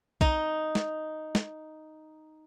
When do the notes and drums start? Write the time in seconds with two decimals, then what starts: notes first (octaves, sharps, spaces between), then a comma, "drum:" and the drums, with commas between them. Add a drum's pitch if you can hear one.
0.21 D#4 D#5, drum: kick
0.75 drum: snare
1.35 drum: snare